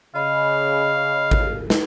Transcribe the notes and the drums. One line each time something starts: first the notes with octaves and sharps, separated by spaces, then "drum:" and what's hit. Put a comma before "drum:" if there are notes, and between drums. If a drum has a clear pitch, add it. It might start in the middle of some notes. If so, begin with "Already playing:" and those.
C#3 D#5 F5 B5
drum: kick G#1
drum: snare